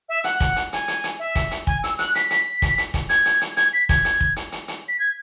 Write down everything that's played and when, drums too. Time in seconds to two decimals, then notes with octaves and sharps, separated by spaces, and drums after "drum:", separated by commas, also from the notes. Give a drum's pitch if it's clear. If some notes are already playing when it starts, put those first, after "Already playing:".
0.09 E5
0.24 F#5, drum: hi-hat
0.40 drum: kick, hi-hat
0.56 drum: hi-hat
0.73 G#5, drum: hi-hat
0.88 drum: hi-hat
1.04 drum: hi-hat
1.19 E5
1.35 drum: kick, hi-hat
1.51 drum: hi-hat
1.67 G#5, drum: kick
1.84 E6, drum: hi-hat
1.99 F#6, drum: hi-hat
2.15 B6, drum: hi-hat
2.30 drum: hi-hat
2.62 drum: kick, hi-hat
2.78 drum: hi-hat
2.94 drum: kick, hi-hat
3.09 G#6, drum: hi-hat
3.25 drum: hi-hat
3.41 drum: hi-hat
3.57 G#6, drum: hi-hat
3.73 B6
3.89 G#6, drum: kick, hi-hat
4.05 drum: hi-hat
4.21 drum: kick
4.36 drum: hi-hat
4.52 drum: hi-hat
4.68 drum: hi-hat
4.88 B6
5.00 G#6